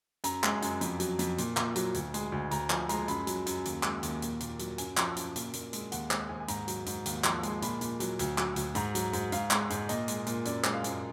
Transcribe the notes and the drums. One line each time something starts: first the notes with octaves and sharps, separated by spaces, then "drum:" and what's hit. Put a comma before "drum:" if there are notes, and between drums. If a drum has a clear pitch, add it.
F#2 A#5, drum: hi-hat
G#3, drum: clap
F#2, drum: hi-hat
F2, drum: hi-hat
F#3, drum: hi-hat
F2, drum: hi-hat
A#2, drum: hi-hat
A#2, drum: clap
F#3, drum: hi-hat
D2, drum: hi-hat
G#3, drum: hi-hat
D2
D2 A#5, drum: hi-hat
F3 G#5, drum: clap
G#3 A#5, drum: hi-hat
F#2 B5, drum: hi-hat
F#3, drum: hi-hat
F#2, drum: hi-hat
D#2, drum: hi-hat
G#3, drum: clap
D#2, drum: hi-hat
A#2, drum: hi-hat
A#2, drum: hi-hat
F#3, drum: hi-hat
F#2 G#5, drum: hi-hat
F3, drum: clap
F#2, drum: hi-hat
A#2, drum: hi-hat
A#2, drum: hi-hat
G#3, drum: hi-hat
D#2 F#5, drum: hi-hat
G#3, drum: clap
D#2 G#5
G#5
G#2 A#5, drum: hi-hat
F#3, drum: hi-hat
G#2, drum: hi-hat
D#2, drum: hi-hat
F3, drum: clap
G#3, drum: hi-hat
A#2 B5, drum: hi-hat
A#2, drum: hi-hat
F#3, drum: hi-hat
D2, drum: hi-hat
F#3, drum: clap
D2, drum: hi-hat
G#2 A#5, drum: hi-hat
F#3, drum: hi-hat
G#2, drum: hi-hat
G#2 F5, drum: hi-hat
G#3, drum: clap
G#2, drum: hi-hat
A#2 D#5, drum: hi-hat
G#3, drum: hi-hat
A#2, drum: hi-hat
F#2 D5, drum: hi-hat
G#3, drum: clap
F5
F#2, drum: hi-hat